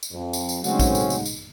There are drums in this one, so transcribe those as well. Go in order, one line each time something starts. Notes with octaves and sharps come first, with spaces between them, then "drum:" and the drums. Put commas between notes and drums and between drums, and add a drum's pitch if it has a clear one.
drum: tambourine
F2
drum: tambourine
drum: tambourine
C#3 F#3 G#3 A3 C4 C#4 D#4 F#5, drum: tambourine
drum: kick A#1, tambourine
drum: tambourine
drum: tambourine
drum: tambourine